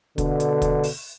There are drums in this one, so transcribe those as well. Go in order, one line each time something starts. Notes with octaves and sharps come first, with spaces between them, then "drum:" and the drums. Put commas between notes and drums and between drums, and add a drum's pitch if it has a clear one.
B2 D3, drum: kick, hi-hat
drum: hi-hat
drum: kick, hi-hat
drum: open hi-hat